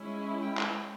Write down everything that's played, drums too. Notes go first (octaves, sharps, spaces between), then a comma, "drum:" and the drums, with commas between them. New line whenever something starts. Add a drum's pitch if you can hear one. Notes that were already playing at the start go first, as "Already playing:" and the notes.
Already playing: G#3 C#4 E4
G5
drum: clap